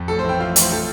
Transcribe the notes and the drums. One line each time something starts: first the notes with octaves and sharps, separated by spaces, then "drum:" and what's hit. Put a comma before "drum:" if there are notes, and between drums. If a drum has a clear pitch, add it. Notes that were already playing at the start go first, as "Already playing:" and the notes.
Already playing: F2
A1 A4
C5
A2 G5
F3 F5
A1 C5, drum: hi-hat
F3 A4